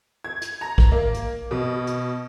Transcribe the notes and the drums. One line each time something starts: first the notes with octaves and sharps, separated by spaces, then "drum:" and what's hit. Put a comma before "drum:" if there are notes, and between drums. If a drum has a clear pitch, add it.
G#6
drum: hi-hat
A#5
drum: kick A#1
A#3
drum: hi-hat
B2
drum: hi-hat